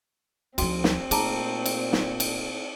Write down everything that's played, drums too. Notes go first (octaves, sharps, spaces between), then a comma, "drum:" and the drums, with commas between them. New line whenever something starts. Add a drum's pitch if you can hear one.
D2 F3 C4 F#4 G5, drum: cymbal
drum: snare
A#2 A3 G#4 A5 A#5, drum: cymbal
drum: cymbal
drum: snare
drum: cymbal